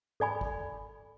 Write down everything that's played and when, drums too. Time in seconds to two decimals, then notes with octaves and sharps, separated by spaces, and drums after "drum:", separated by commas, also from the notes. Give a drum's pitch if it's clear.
0.20 A4 D5 G#5 B5, drum: tom G#2
0.41 drum: kick